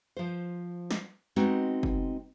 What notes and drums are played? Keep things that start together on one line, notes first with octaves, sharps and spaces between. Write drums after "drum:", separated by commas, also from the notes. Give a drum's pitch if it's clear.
F3 C5
drum: snare
G#3 B3 C4 D#4 F#4, drum: tambourine
drum: kick